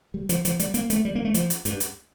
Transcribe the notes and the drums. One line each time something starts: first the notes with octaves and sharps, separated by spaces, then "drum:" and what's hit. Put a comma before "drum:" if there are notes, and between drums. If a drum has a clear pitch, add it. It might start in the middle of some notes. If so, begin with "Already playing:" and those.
G3
F3, drum: hi-hat
F3, drum: hi-hat
G3, drum: hi-hat
A#3, drum: hi-hat
A3, drum: hi-hat
G3
A#3
A3
F3, drum: hi-hat
drum: hi-hat
G2, drum: hi-hat
drum: hi-hat